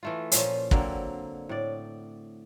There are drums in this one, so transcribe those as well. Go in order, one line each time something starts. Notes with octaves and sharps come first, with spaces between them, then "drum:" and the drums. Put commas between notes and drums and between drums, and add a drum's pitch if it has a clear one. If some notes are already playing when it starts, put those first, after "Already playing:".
E3 A3 F4
A#2 F3 C#4, drum: hi-hat
D3 F#3 A#3 C4, drum: kick
A2 D5